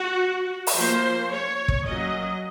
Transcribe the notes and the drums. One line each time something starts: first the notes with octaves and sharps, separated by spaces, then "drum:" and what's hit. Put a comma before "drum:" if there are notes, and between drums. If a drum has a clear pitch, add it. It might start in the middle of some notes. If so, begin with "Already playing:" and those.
Already playing: F#4
drum: open hi-hat
F3 A#3 C#4 C5
C#5
drum: kick
F#3 A#3 C#4 D#5